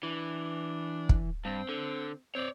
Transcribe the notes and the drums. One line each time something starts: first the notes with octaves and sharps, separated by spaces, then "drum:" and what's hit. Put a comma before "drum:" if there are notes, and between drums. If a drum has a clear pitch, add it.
E3 D4
drum: kick
G2 C4
D3
C4 C#5 D5